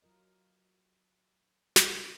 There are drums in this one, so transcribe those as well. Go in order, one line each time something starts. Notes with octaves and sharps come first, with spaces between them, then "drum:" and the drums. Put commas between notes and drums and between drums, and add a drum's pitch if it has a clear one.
F#3 F4 A#4 D#5
drum: snare